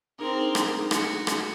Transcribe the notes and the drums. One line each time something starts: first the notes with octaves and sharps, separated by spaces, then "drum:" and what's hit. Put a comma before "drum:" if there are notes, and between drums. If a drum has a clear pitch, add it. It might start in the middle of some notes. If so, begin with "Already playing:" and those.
C4 D4 D#4 G#4 A#4
drum: rim click
F#4, drum: rim click
drum: rim click